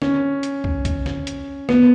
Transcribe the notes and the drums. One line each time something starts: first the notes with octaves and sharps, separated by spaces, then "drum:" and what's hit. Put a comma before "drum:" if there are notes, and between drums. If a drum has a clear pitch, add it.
C#4, drum: snare
drum: hi-hat
drum: kick
drum: kick, hi-hat
drum: snare
drum: hi-hat
B3, drum: snare